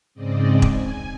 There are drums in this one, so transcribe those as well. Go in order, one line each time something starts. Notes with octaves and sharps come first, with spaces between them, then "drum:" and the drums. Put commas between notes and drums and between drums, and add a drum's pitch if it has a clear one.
G#2 C#3 C4 D5 D#5
G#5, drum: kick E1